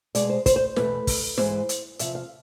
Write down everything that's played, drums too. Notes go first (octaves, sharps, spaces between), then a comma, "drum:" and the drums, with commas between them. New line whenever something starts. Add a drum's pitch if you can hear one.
B2 G#3 D5, drum: hi-hat
C5
C5, drum: kick, hi-hat
C5
E2 B2 A3 B4, drum: snare
drum: kick, open hi-hat
G#2 E3 G#3 C5, drum: snare
drum: hi-hat
E2 C3 F3 E5, drum: hi-hat
F5